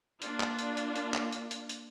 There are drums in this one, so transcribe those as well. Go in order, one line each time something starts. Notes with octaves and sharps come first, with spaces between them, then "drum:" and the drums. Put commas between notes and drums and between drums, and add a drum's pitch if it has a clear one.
A#3 D4 F4, drum: hi-hat
drum: clap
drum: hi-hat
drum: hi-hat
drum: hi-hat
drum: clap
drum: hi-hat
drum: hi-hat
drum: hi-hat